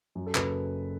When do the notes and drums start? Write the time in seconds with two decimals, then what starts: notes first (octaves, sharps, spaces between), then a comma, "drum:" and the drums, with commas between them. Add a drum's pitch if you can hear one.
0.15 F#2
0.27 A4
0.35 F#1 B4, drum: clap